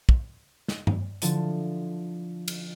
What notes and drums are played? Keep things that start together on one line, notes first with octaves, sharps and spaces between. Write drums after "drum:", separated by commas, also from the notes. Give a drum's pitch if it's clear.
drum: kick
drum: snare
drum: tom G2
D3 F3 E4 A4, drum: hi-hat
drum: cymbal